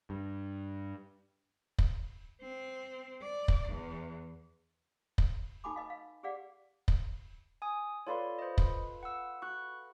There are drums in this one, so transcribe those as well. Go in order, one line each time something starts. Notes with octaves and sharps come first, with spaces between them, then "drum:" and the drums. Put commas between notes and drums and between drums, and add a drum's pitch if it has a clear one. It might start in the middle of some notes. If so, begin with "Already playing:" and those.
G2
drum: kick
C4
D5
drum: kick
E2
drum: kick
D#4 F#4 A4 G#5 B5 D6
B4 D#5 F5
F5
G4 G#4 B4 D5 F5 F#5
drum: kick
G#5 D#6
F4 A4 B4 C#5 D5 C6
C5 D#5
drum: kick
F#5 E6
F#4 C#6 F#6